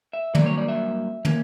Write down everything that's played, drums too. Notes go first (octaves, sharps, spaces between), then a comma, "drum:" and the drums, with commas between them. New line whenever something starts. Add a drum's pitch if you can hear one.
E5
G2 F#3 A#3 C#4 D5, drum: tom
C#5
D5
E5
A#2 A#3 C#4, drum: tom